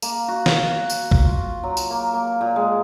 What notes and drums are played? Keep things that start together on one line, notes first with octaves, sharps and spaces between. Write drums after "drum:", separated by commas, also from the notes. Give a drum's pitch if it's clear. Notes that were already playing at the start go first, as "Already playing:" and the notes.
A#3, drum: tambourine
F#4
drum: snare
F#4
drum: tambourine
drum: kick
F4
F#3
drum: tambourine
A#3
A#3
A#2
G#3